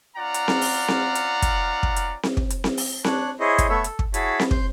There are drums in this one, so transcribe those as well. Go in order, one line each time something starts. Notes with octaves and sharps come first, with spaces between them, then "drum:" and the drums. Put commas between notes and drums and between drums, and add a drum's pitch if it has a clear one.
C#4 F4 D5 F#5 A#5
drum: hi-hat
drum: snare C4
drum: open hi-hat
drum: snare C4
drum: hi-hat
drum: kick, hi-hat
drum: kick
drum: hi-hat
drum: snare C4
drum: kick
drum: hi-hat
drum: snare C4
drum: open hi-hat
D4 C#5 F#6, drum: snare C4
E4 G#4 C5 C#5 D#5
drum: kick, hi-hat
A3 B3 A4 C#5 E5
A4, drum: hi-hat
drum: kick
E4 F#4 G#4 C#5 A5 B5, drum: hi-hat
drum: snare C4
C6 G6, drum: kick